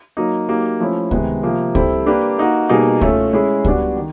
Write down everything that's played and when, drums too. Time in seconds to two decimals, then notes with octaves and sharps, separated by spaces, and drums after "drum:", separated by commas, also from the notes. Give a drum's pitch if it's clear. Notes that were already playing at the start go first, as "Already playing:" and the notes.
0.17 F#3 A#3 D#4
0.49 F#3 A#3 D#4 G4
0.80 F3 A3 C#4 E4
1.11 C3 D#3 G#3 B3, drum: kick C#2
1.43 C3 F3 A#3
1.75 G3 C4 E4 A4, drum: kick C#2
2.06 A#3 D4 G4 B4
2.38 A#3 D#4 F#4
2.69 B2 G3 A#3 D#4 G#4
3.01 A3 C#4 F4 A4, drum: kick C#2
3.33 G#3 C#4 E4 G#4
3.65 G3 B3 D4 F#4, drum: kick C#2
3.96 D#3